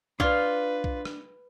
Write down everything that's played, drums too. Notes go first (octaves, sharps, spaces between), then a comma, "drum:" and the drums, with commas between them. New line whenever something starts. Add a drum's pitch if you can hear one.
D4 F4 B4 C#5, drum: kick B1
drum: kick B1
drum: rim click